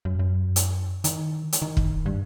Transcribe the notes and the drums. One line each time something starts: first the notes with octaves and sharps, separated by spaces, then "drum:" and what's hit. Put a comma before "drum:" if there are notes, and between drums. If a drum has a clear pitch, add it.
F#2
F#2
drum: hi-hat
D#3, drum: hi-hat
drum: hi-hat
D#3
drum: kick
G2